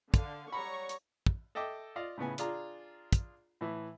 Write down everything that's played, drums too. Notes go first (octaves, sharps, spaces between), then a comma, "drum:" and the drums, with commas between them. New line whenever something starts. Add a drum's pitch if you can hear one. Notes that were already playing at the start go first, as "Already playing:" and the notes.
D3 F5, drum: kick, hi-hat
F#3 G3 C#5 D5 A#5 B5 C#6
drum: hi-hat
drum: kick
A4 D#5 E5 G5 D6
F4 D5 D#5 F5
A2 C#3 B3 G#5
D4 F4 G#4 D5 A#5, drum: hi-hat
drum: kick, hi-hat
A2 E3